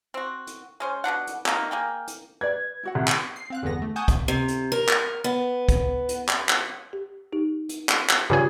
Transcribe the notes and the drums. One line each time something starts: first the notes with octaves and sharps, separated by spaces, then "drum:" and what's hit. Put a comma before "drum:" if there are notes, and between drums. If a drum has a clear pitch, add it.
C4 F#4
drum: hi-hat
G#3 C#4 C5
B2 F#3 D4 F#5
drum: hi-hat
A3 A#3 D#4, drum: clap
A#3 G#4 G5
drum: hi-hat
B4 D5 G#6
E4 F#4 F#5
C2
drum: clap
C7
C4 F5 F#6
G1 E2 G2 D3 B3 A#6
A3
F#5 G#5 A5 C#6 D#6 G6
drum: kick, hi-hat
C3
drum: hi-hat
A#4
drum: clap
B3
drum: kick, hi-hat
drum: hi-hat
drum: clap
drum: clap
G4
D#4 G4
drum: hi-hat
drum: clap
drum: clap
G2 C#3 F4 G#4